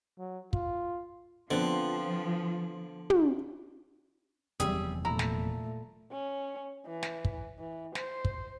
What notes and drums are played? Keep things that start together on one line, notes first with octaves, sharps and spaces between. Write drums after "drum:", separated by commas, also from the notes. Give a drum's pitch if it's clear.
F#3
F4, drum: kick
D3 F3 B3 C4
drum: tom
F1 E2 F#3 G3 G#4 E5, drum: hi-hat
A#2 A3 E4 A#5
drum: snare
C#4
E3
drum: snare
drum: kick
E3
C5, drum: snare
drum: kick